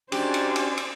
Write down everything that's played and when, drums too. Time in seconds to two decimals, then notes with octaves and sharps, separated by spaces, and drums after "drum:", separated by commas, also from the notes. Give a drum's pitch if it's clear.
0.12 G#2 C#4 D4 F#4 G4 C5 D5, drum: cymbal
0.34 drum: cymbal
0.56 drum: cymbal
0.77 drum: cymbal